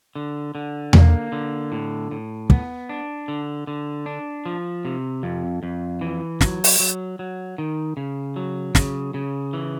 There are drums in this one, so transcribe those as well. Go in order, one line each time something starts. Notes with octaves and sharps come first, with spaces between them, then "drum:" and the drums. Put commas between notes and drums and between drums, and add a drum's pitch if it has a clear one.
D3
D3
A#3, drum: tom E2
D3
A2
A2
B3, drum: kick
D4
D3
D3
D4
F3
C3
F2
F2
E3
F#3, drum: snare
drum: open hi-hat
F#3
F#3
D#3
C#3
F#3
C#3, drum: snare
C#3
E3